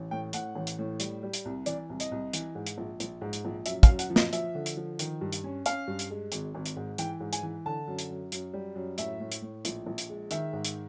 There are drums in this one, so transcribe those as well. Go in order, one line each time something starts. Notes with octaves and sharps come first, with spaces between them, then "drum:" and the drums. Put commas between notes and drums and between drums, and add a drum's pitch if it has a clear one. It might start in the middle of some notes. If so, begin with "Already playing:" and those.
Already playing: A1
A2 G5
A2 F#5, drum: hi-hat
A1
drum: hi-hat
A2
G3, drum: hi-hat
G3
drum: hi-hat
C2
E3 D5, drum: hi-hat
C2
D#5, drum: hi-hat
C2
E3, drum: hi-hat
G#2
drum: hi-hat
A#1
A#1, drum: hi-hat
G#2
drum: hi-hat
A#1
F#2 E5, drum: hi-hat
F5, drum: kick, hi-hat
F#2
F#5, drum: hi-hat
F3
D#5, drum: snare
F3 E5, drum: hi-hat
D3
drum: hi-hat
F3
D#3, drum: hi-hat
G2
drum: hi-hat
C#4
C#4 F5, drum: hi-hat
G2
drum: hi-hat
G#3
G#1, drum: hi-hat
G#1
drum: hi-hat
G#2
E3 G5, drum: hi-hat
G#2
G#5, drum: hi-hat
E3
D3 A5
F#2
drum: hi-hat
F#2
F#2, drum: hi-hat
G3
F#2
A2 E5, drum: hi-hat
A2
drum: hi-hat
A2
A#1, drum: hi-hat
A#1
drum: hi-hat
G#3
D#3 E5, drum: hi-hat
G#2
drum: hi-hat